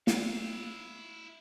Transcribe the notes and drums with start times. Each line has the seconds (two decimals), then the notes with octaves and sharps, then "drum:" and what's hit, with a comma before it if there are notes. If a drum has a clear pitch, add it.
0.07 E4 F5, drum: snare